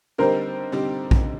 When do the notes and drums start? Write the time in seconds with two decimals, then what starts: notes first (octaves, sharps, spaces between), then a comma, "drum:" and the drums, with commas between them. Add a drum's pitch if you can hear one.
0.18 D3 G3 C4 D#4 G4 A#4 C5
0.72 D3 G3 C4 D#4 G4
1.11 drum: kick A#1